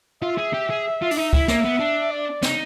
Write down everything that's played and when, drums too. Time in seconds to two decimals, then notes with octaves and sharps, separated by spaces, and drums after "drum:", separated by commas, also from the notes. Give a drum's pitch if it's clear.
0.22 F4 E5
0.38 G#4
0.54 G4
0.70 G#4
1.02 F4
1.11 D4, drum: open hi-hat
1.16 D#4 E5
1.33 E4, drum: kick
1.48 A#3, drum: snare
1.64 B3
1.80 D4
2.11 D5
2.42 D#4, drum: snare